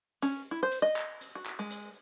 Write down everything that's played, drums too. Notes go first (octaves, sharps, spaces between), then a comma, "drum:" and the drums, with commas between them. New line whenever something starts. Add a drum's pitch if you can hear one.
C#4, drum: hi-hat
E4
C5
drum: hi-hat
D#5
drum: clap
drum: hi-hat
F#4
drum: clap
G#3
drum: hi-hat